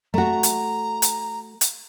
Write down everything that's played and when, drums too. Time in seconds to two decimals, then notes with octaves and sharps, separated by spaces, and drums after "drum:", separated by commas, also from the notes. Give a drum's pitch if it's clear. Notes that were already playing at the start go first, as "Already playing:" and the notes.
0.14 A3 F#4 A#5
0.43 drum: hi-hat
1.02 drum: hi-hat
1.61 drum: hi-hat